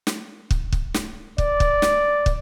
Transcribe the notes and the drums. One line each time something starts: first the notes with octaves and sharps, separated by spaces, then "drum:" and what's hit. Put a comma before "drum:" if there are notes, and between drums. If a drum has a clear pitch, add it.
drum: snare
drum: kick
drum: kick
drum: snare
D5, drum: kick
drum: kick
drum: snare
drum: kick